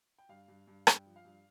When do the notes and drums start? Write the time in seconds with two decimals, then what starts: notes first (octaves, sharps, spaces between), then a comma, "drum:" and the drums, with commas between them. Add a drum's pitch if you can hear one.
0.18 G5
0.29 G2 F5
0.48 G2
0.67 G2
0.87 G2 G5, drum: rim click
1.06 F3
1.16 F5
1.25 G2